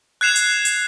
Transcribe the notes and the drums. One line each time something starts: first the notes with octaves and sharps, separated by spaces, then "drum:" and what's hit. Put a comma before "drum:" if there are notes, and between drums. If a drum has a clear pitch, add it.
F#6 G#6 C7 E7 F7
drum: hi-hat
drum: hi-hat